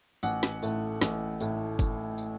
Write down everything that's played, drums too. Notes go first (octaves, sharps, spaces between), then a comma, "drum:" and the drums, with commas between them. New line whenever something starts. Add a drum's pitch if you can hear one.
A1 F#5, drum: tambourine
drum: snare
A2 A3, drum: tambourine
A1, drum: snare
A2 A3, drum: tambourine
drum: kick, tambourine
drum: tambourine